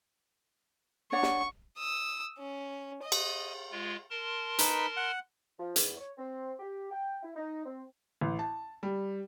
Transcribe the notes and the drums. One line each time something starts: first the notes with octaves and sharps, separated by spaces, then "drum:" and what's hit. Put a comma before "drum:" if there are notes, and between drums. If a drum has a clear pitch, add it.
D4 C#5 F#5 C#6
drum: snare
D#6 E6
C#4
D#5
drum: cymbal
G#3 F4
A#4 A5 C6
D#4 B4 B5, drum: hi-hat
F#5
F3
E2, drum: hi-hat
C#5
C4
G4
G5
E4
D#4
C4
A1
A5
G3